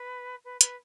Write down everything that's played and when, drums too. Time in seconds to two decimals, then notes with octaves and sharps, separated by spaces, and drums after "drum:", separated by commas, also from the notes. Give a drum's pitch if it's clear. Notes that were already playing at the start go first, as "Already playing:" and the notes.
Already playing: B4
0.44 B4
0.61 B4, drum: hi-hat